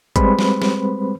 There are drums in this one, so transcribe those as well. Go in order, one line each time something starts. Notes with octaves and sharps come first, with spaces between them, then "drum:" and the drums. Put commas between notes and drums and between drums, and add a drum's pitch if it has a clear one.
G3 G#3 C4 B4 C5 B5, drum: kick, hi-hat
drum: snare
drum: snare